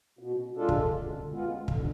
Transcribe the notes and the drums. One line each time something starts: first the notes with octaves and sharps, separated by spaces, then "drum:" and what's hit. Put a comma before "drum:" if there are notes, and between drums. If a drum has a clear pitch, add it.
B2
G#3 D4 F4 A4
drum: kick
D3
G#3 B3 F4
D3, drum: kick